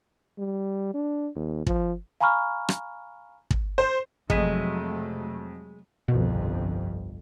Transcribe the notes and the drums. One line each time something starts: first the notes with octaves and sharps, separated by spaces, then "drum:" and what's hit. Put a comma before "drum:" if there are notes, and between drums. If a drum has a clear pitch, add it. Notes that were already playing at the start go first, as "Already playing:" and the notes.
G3
D4
D#2
F3, drum: kick
F5 G#5 A#5 B5 C#6 F6
drum: rim click
drum: kick
C5
F2 C3 F#3 G#3 A3 B6 D#7, drum: kick
G1 C2 F2 B2